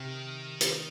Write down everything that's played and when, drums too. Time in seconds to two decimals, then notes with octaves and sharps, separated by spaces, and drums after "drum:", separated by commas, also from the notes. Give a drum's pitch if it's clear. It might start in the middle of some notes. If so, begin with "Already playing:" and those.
Already playing: C3 D#3
0.61 drum: hi-hat